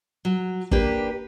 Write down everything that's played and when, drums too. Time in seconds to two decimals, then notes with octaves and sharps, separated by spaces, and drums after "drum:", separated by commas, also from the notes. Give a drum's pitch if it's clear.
0.25 F#3
0.71 A#3 D4 G4 B4, drum: kick